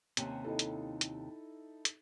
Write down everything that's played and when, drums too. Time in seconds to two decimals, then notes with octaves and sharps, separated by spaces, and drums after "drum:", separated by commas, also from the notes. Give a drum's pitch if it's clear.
0.17 D#2 C3 C#4, drum: hi-hat
0.44 D#4 E4 A4
0.59 drum: hi-hat
1.01 drum: hi-hat
1.85 drum: hi-hat